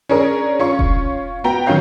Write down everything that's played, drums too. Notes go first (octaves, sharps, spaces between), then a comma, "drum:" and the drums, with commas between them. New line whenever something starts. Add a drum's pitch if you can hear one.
C#4 D4 G#4 A#4
C#4 F4 C#6
drum: kick E1
B3 F#4 G5 A#5
D#3 F#3 C#4 F5 G6